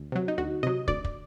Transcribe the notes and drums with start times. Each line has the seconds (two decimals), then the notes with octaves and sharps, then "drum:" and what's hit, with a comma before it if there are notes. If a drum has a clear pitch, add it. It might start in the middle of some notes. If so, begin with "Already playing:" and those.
Already playing: D2
0.12 C3 F#3
0.28 D#4
0.38 D2 F#4
0.63 C3 F#3 D#5
0.88 D2 D5, drum: kick
1.05 drum: kick